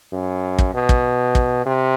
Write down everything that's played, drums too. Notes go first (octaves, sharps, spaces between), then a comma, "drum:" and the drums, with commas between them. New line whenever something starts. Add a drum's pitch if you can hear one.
F#2
drum: kick
B2
drum: kick
drum: kick
C3